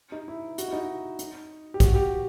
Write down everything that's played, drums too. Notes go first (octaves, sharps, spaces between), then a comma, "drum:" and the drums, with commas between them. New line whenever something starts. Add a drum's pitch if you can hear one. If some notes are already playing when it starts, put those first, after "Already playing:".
D#4
E4
F#4, drum: hi-hat
E4
D#4
drum: hi-hat
G4
F#4, drum: kick A#1, hi-hat
G4